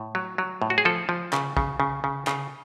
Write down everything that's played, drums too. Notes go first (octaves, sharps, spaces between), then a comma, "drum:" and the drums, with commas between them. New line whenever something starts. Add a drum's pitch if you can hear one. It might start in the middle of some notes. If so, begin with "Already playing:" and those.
Already playing: A2
F#3
F#3
A2
F#4
G#4
F3 A4
F3
C#3, drum: clap
C#3, drum: kick
C#3
C#3
C#3, drum: clap